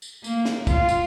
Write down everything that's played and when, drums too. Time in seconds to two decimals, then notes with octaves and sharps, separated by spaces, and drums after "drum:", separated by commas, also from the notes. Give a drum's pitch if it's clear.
0.02 drum: tambourine
0.24 A#3, drum: tambourine
0.45 drum: snare
0.67 F4, drum: kick, tambourine
0.89 drum: tambourine